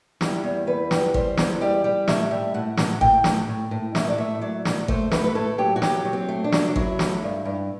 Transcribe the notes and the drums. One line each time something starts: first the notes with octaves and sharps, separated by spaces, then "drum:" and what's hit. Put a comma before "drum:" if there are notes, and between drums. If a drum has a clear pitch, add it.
G3 E4, drum: snare
E2
E2 B4
G3, drum: snare
G3 C5, drum: kick G#1
E2, drum: snare
G3 D5
G3
A2 E5, drum: snare
G3
A2 F#5
A2, drum: snare
A2 G5, drum: kick G#1
A2, drum: snare
A2
A2
A2 E5, drum: snare
D5
A3 E5
F#3 D5
A2, drum: snare
A3 C5, drum: kick G#1
A3 B4, drum: snare
B4
A2 A4
F#3 G4
F#4
F#3 G4, drum: snare
F#3
C4
A3
D4
F#3, drum: snare
D4
F#3 E4, drum: kick G#1
A3, drum: snare
G2
G2